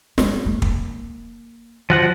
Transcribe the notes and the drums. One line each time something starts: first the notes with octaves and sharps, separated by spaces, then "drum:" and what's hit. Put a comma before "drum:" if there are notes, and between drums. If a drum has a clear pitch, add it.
G#3, drum: snare
A#3
drum: kick
F3 F#4 F#5